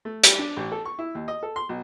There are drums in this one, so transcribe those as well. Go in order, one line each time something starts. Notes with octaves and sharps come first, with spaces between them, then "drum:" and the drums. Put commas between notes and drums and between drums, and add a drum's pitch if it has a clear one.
A3
G3, drum: hi-hat
D4
A1
A4
C#6
E4
D#2
D#5
A4
C6
B1